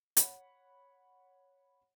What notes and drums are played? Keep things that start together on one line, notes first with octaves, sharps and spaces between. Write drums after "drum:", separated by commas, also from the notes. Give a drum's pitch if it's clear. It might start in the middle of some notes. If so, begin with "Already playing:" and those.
C#5 F#5 B5, drum: hi-hat